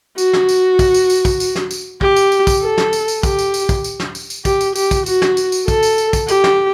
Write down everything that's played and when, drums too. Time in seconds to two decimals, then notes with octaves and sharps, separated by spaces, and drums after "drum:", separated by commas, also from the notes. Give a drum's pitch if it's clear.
0.18 F#4, drum: tambourine
0.33 drum: snare
0.49 drum: tambourine
0.79 drum: kick, tambourine
0.94 drum: tambourine
1.10 drum: tambourine
1.25 drum: kick, tambourine
1.40 drum: tambourine
1.55 drum: snare
1.71 drum: tambourine
2.01 G4, drum: kick
2.16 drum: tambourine
2.32 drum: tambourine
2.47 drum: kick, tambourine
2.62 A4
2.78 drum: snare
2.93 drum: tambourine
3.08 drum: tambourine
3.23 G4, drum: kick, tambourine
3.39 drum: tambourine
3.54 drum: tambourine
3.69 drum: kick, tambourine
3.84 drum: tambourine
4.00 drum: snare
4.15 drum: tambourine
4.30 drum: tambourine
4.45 G4, drum: kick, tambourine
4.61 drum: tambourine
4.76 G4, drum: tambourine
4.91 drum: kick, tambourine
5.06 F#4, drum: tambourine
5.22 drum: snare
5.37 drum: tambourine
5.52 drum: tambourine
5.68 A4, drum: kick, tambourine
5.83 drum: tambourine
5.98 drum: tambourine
6.13 drum: kick, tambourine
6.28 G4, drum: tambourine
6.44 drum: snare